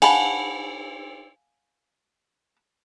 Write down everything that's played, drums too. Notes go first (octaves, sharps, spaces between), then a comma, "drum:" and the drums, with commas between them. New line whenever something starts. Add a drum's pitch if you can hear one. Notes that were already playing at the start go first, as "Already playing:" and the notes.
F5 F#5 G#5 A5 B5, drum: cymbal